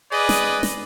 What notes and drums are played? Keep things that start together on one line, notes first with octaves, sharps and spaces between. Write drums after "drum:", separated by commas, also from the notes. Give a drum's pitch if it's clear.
G#4 B4 D5 D#5
drum: snare
drum: snare